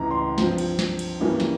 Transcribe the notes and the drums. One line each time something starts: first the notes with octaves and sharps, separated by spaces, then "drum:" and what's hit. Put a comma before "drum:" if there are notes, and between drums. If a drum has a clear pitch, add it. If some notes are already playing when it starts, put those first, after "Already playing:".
Already playing: C#2 C#3 E3 A#5
C6
G2 F3 C4, drum: snare
drum: cymbal
drum: snare
drum: cymbal
G2 E3 G3 A#3 C#4
drum: snare